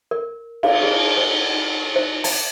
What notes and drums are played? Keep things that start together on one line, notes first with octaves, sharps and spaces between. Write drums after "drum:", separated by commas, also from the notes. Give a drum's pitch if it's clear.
A#4
F5, drum: cymbal
G#4
C5
C5
A5, drum: open hi-hat